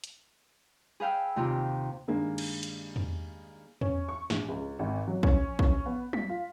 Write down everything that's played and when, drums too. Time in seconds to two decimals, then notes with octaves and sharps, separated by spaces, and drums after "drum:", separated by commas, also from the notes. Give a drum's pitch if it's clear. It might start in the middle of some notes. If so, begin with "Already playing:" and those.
0.04 drum: hi-hat
1.00 G#4 B4 F5 G5 E6
1.36 D#2 C3 C4 F4 G4
2.08 G2 D#3 G#3 A#3
2.38 drum: cymbal
2.63 drum: hi-hat
2.96 drum: tom E2
3.81 C#4, drum: tom E2
4.09 C#6
4.30 A#1, drum: snare
4.48 C#2
4.79 G#1
5.07 F#3
5.23 C#4, drum: kick
5.59 C#4, drum: kick
5.86 B3
6.13 B6, drum: tom F#3
6.29 F4